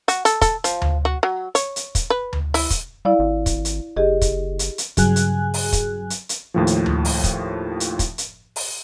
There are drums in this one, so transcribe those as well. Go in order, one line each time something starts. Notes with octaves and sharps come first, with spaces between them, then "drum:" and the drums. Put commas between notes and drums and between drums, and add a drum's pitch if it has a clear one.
F#4, drum: hi-hat
A4, drum: hi-hat
A4, drum: kick, hi-hat
F3, drum: hi-hat
drum: tom D2
F#4
F#3
C#5, drum: hi-hat
drum: hi-hat
drum: kick, hi-hat
B4
drum: tom D2
E4, drum: open hi-hat
drum: kick, hi-hat
G3 E4 D5 F5
G#1
drum: kick, hi-hat
drum: hi-hat
F#1 G4 G#4 D#5
drum: kick, hi-hat
drum: hi-hat
drum: hi-hat
G2 C#3 F#3 G#4 G#5 F#6, drum: kick, hi-hat
drum: hi-hat
drum: open hi-hat
drum: kick, hi-hat
drum: hi-hat
drum: hi-hat
D#2 A2 F3
drum: hi-hat
drum: tom D2
drum: open hi-hat
drum: kick, hi-hat
drum: hi-hat
drum: kick, hi-hat
drum: hi-hat
drum: open hi-hat